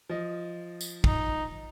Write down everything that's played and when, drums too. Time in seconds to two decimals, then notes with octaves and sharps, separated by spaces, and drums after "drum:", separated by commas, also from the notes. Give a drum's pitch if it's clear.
0.10 F3 D#5
0.81 drum: tambourine
1.04 D#4, drum: kick